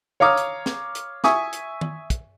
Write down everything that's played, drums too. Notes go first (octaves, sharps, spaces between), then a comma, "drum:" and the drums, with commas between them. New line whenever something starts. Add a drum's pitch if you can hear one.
C#5 F5 A#5 D6 D#6 F6
drum: hi-hat
drum: snare
drum: hi-hat
E5 G#5 C#6 D#6, drum: snare
drum: hi-hat
drum: tom D#3
drum: kick, hi-hat